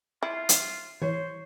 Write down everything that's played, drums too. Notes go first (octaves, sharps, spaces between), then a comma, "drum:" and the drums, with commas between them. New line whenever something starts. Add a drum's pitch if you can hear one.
E4 F4
drum: hi-hat
E3 C5 C#5